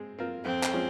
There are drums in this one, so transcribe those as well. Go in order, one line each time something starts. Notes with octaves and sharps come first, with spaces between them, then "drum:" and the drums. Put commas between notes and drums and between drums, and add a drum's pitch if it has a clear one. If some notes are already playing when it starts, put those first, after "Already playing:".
Already playing: G#3 C4
C4 F4 A#4
F2 C4
drum: clap
F3 G#3 C#4